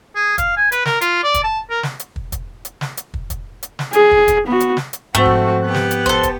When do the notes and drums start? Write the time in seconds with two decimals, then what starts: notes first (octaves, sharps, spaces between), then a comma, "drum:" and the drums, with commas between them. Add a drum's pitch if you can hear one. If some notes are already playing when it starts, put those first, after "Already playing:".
0.16 G#4
0.38 F5, drum: kick, hi-hat
0.57 G#5
0.72 B4, drum: hi-hat
0.85 A#4, drum: snare
1.01 F4, drum: hi-hat
1.24 D5
1.34 drum: kick, hi-hat
1.44 A5
1.70 A#4
1.83 drum: snare
2.00 drum: hi-hat
2.16 drum: kick
2.32 drum: kick, hi-hat
2.65 drum: hi-hat
2.81 drum: snare
2.97 drum: hi-hat
3.14 drum: kick
3.30 drum: kick, hi-hat
3.63 drum: hi-hat
3.79 drum: snare
3.93 G#4, drum: hi-hat
4.11 drum: kick
4.28 drum: kick, hi-hat
4.47 B3 F#4
4.60 drum: hi-hat
4.77 drum: snare
4.93 drum: hi-hat
5.15 G#2 F3 A3 C4 F#4
5.26 drum: kick
5.65 B3 G4 F#6
5.74 drum: snare
5.91 drum: hi-hat
6.06 A4 C5, drum: kick
6.23 drum: kick, hi-hat